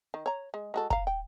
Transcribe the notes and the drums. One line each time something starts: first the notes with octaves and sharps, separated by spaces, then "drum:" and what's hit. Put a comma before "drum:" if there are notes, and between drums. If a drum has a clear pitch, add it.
D#3
C#5 A#5
G#3
G#3 F#4 A4
F5 A#5, drum: kick
G5